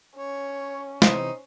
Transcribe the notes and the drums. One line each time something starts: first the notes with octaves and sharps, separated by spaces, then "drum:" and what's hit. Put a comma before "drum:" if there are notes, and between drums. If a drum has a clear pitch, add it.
C#4 C#5
C3 E3 D#4 C5, drum: snare